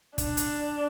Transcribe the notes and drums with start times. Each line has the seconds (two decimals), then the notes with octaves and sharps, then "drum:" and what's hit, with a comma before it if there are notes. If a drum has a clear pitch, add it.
0.18 D4, drum: kick, hi-hat
0.37 drum: hi-hat